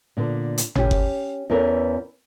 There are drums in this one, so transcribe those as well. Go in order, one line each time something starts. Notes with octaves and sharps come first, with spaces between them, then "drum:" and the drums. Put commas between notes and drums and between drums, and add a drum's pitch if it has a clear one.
A#2 D3 B3
drum: hi-hat
C#4 G4, drum: tom G#1
drum: kick F#1
E2 E3 B3 C#4 A4 A#4